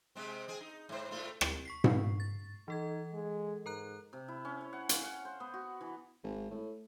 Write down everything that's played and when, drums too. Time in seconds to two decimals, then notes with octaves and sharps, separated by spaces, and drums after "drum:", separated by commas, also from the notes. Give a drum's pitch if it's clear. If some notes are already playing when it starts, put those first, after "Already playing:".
0.15 C3 G#3 C4
0.48 C4 G#4
0.60 D#4
0.89 G#2 C5
1.11 A2 A3 F4
1.41 drum: rim click
1.65 C#6 B6 C7
1.84 drum: tom G#2
2.20 A6
2.68 E3 D#4 A4 G#6
3.13 G#3
3.66 G#2 A#4 A#5 F#6
4.13 C3
4.28 E4
4.45 C#4
4.61 C#5
4.73 F#5
4.89 F5, drum: hi-hat
5.03 F#5
5.25 C5
5.40 B3
5.54 F#4
5.81 E3
6.23 G#1
6.50 A2